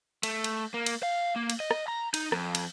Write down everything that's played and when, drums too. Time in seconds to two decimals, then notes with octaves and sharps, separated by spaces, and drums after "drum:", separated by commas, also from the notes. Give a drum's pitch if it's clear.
0.23 A3, drum: cymbal
0.44 drum: cymbal
0.74 A#3
0.86 drum: cymbal
1.03 F5
1.36 A#3
1.50 drum: cymbal
1.60 D#5
1.71 drum: rim click
1.88 A#5
2.14 D#4, drum: cymbal
2.32 F2, drum: rim click
2.55 drum: cymbal